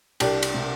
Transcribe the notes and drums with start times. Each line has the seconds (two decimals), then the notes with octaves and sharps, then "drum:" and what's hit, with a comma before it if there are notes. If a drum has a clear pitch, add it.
0.20 C2 D4 G4, drum: cymbal
0.43 drum: cymbal
0.54 C3